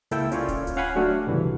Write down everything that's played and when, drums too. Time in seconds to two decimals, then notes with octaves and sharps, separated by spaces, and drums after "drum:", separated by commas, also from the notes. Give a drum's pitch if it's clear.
0.11 C#2 A#3 E4 A4 G5 E6, drum: hi-hat
0.32 C#4 F4 C#5 D5, drum: hi-hat
0.48 drum: kick D1, hi-hat
0.67 drum: hi-hat
0.76 C#4 F5 F#5 G#5 B5
0.96 F#3 A3 D4 F#4
1.27 C#2 G2 C3 E3